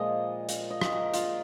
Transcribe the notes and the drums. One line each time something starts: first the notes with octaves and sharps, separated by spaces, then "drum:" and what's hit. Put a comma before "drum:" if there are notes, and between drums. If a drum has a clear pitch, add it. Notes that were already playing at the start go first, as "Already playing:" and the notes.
Already playing: A#2 F3 G#3 D#5
F5, drum: hi-hat
D#5
drum: rim click
A#4
F4, drum: hi-hat